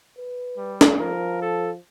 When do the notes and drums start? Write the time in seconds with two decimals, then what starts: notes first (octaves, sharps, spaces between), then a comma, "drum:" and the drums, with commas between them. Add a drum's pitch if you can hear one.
0.18 B4
0.57 G3
0.81 drum: snare
1.00 F3 A#4
1.42 A4